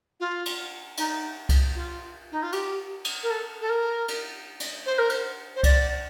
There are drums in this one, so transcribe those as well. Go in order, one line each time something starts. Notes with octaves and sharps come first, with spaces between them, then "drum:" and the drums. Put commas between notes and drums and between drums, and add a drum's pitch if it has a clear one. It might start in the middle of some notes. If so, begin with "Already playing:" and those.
F4
drum: cymbal
D#4, drum: cymbal
drum: kick C2, cymbal
F4
D#4
F4
G4, drum: cymbal
drum: cymbal
A#4
A4
A4
A#4
drum: cymbal
drum: cymbal
C5
A#4
C5, drum: cymbal
C5
D5, drum: kick C2, cymbal